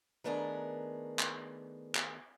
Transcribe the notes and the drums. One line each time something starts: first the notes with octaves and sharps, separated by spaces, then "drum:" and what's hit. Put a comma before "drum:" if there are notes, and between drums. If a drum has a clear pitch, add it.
D#3 A3 B3 D4 G#4 A#4
drum: clap
drum: clap